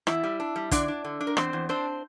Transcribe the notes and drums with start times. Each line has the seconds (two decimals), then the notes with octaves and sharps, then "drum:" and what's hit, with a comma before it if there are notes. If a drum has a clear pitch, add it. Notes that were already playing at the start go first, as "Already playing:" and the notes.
0.07 E2 E4 E5, drum: rim click
0.24 G3
0.40 D4
0.56 G3
0.71 D3 D4 D5, drum: kick, hi-hat
0.88 D4
1.05 D3
1.21 D4
1.27 A#4
1.37 E2 C4 C5, drum: rim click
1.53 E2
1.69 C4 D4 C5